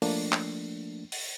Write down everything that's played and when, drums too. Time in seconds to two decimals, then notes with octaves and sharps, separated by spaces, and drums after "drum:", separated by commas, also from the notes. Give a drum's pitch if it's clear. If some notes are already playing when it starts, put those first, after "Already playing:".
0.02 F3 A3 A#3 D4, drum: open hi-hat
0.32 drum: clap
1.12 drum: open hi-hat